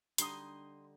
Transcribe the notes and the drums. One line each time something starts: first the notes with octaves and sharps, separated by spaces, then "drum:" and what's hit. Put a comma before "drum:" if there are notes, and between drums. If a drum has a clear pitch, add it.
D3 G3 D#4 C6 D#6, drum: hi-hat